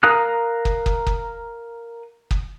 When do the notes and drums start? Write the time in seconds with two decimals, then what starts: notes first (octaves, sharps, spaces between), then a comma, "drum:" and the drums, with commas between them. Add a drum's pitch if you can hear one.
0.03 A#4 F5 A#5 D#6 F#6
0.65 drum: kick
0.86 drum: kick
1.07 drum: kick
2.31 drum: kick